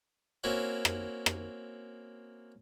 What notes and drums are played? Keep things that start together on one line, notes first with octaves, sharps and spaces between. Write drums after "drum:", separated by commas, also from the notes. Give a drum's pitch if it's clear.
A#3 C4 C#4 E4 F#4
drum: rim click
drum: rim click